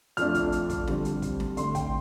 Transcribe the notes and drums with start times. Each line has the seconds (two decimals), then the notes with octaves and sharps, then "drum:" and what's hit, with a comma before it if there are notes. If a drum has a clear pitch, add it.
0.17 F2 F3 A3 D4 F6, drum: hi-hat
0.35 drum: kick, hi-hat
0.52 drum: hi-hat
0.70 drum: kick, hi-hat
0.87 D3 G3 C4, drum: snare
1.05 drum: hi-hat
1.22 drum: kick, hi-hat
1.40 drum: snare
1.57 D3 A3 D4 C6, drum: hi-hat
1.75 G5, drum: kick, hi-hat